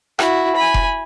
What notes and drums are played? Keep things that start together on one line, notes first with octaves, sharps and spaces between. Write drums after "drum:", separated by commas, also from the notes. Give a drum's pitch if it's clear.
E4 F#4, drum: rim click
G#5 B5
drum: kick F1